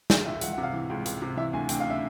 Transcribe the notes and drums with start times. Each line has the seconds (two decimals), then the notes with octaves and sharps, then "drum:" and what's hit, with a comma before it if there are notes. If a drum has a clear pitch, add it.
0.10 E3 E5, drum: snare
0.26 C#2 E5
0.41 C#2 F#5, drum: hi-hat
0.52 F#5
0.58 C3
0.63 F5
0.73 E3
0.90 C#2
1.05 C#2, drum: hi-hat
1.22 C3
1.37 E3 E5
1.53 D2 G#5
1.69 D2 G5, drum: hi-hat
1.80 F5
1.85 C#3
1.90 E5